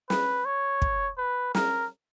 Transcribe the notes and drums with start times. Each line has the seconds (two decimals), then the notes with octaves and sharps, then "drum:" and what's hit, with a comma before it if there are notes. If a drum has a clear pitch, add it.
0.10 B4, drum: snare
0.45 C#5
0.82 drum: kick
1.18 B4
1.55 A#4, drum: snare